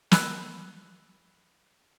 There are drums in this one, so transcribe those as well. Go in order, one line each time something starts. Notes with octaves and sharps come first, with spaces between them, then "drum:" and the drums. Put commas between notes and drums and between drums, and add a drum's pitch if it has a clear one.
B5 E6 F#6, drum: snare